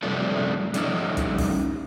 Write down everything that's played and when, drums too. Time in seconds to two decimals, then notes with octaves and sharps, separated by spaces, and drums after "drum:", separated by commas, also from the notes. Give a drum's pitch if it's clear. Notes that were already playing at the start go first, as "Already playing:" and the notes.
0.03 F#2 C3 F3 G3 A3 D4
0.74 F3 G3 A3 C#4 D#4 E4, drum: hi-hat
1.17 drum: kick, hi-hat
1.38 drum: kick, open hi-hat